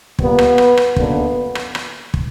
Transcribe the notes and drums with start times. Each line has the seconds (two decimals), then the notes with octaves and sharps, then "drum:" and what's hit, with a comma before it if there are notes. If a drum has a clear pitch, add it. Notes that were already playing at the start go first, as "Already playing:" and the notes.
0.19 A#2 G3 A#3 B3, drum: kick
0.38 drum: rim click
0.58 drum: rim click
0.77 drum: rim click
0.96 F#2 D3 A#3 B3, drum: kick
1.55 drum: rim click
1.75 drum: rim click
2.14 drum: kick